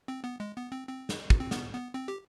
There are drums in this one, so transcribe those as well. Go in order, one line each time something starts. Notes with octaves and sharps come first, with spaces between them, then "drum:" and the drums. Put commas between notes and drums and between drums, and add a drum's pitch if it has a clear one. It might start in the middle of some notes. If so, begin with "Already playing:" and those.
C4
B3
G#3
B3
C4
C4
drum: snare
drum: kick
C4
B3, drum: snare
B3
C4
G4